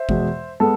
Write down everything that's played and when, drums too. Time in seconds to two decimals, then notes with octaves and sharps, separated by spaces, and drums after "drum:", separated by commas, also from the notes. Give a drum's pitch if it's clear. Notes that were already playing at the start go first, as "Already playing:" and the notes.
Already playing: C5 E5
0.09 E2 B2 G#3, drum: kick G#1
0.60 G#3 B3 A4